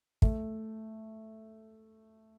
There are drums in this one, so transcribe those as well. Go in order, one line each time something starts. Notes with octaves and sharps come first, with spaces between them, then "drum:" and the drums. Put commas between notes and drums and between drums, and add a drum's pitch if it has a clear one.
A3, drum: kick